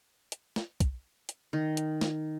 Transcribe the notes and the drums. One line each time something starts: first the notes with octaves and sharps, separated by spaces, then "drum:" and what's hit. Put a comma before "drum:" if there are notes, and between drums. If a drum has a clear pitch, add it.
drum: hi-hat
drum: snare
drum: kick, hi-hat
drum: hi-hat
D#3
drum: hi-hat
drum: snare